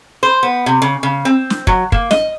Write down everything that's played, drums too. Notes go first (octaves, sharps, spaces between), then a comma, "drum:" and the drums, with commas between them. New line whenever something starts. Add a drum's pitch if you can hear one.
C5
B3
C3
C#3
C#3
C4
drum: snare
F#3, drum: kick
A#3, drum: kick
D#5, drum: snare